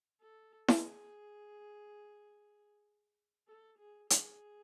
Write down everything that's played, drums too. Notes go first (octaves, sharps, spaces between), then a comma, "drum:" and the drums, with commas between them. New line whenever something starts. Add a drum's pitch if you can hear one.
A4
G#4, drum: snare E4
A4
G#4
G#4, drum: hi-hat